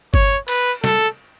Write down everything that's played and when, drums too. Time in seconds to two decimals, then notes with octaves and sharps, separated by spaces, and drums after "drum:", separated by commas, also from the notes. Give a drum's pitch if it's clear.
0.14 C#5, drum: kick G1
0.48 B4, drum: cymbal
0.84 A4, drum: snare